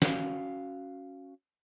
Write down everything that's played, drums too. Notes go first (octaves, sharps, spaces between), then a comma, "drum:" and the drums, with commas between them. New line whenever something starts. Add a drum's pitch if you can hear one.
C#4 F#4 F5, drum: snare